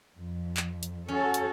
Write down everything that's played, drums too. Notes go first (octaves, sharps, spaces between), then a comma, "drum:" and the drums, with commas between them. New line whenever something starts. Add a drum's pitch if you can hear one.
F2
drum: clap
drum: hi-hat
C#4 F#4 A4 C#5
drum: hi-hat